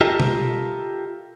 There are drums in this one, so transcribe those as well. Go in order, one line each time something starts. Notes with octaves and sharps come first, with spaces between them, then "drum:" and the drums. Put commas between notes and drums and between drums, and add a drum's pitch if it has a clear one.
F4 G4 A4 A#4 D#5 E5
drum: tom B2